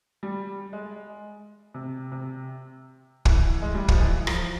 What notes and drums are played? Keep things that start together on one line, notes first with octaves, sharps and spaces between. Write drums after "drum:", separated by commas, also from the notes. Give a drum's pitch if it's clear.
G3
G#3
C3
C3
E3, drum: kick
G#3
G3
F3, drum: kick
E3
F3, drum: rim click